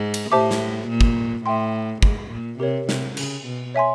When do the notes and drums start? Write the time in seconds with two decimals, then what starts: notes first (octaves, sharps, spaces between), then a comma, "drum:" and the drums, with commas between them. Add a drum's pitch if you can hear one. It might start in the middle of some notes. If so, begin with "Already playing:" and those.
Already playing: G#2
0.14 drum: cymbal
0.32 A2 G4 C5 E5 A5 D6
0.51 drum: snare
0.88 A#2
1.01 drum: kick
1.46 A2 E5 G5 C6
2.03 G#2, drum: kick
2.31 A#2
2.60 C3 G4 A#4 C#5
2.89 C3, drum: snare
3.17 C#3, drum: cymbal
3.45 B2
3.74 C#5 E5 G#5 C6